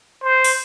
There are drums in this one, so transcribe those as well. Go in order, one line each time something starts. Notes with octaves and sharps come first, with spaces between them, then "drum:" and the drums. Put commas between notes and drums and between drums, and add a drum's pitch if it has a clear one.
C5
drum: open hi-hat